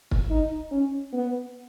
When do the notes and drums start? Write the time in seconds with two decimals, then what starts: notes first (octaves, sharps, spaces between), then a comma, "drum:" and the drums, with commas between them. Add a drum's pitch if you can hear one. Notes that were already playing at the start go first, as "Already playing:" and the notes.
0.11 drum: kick
0.30 D#4
0.71 C#4
1.13 B3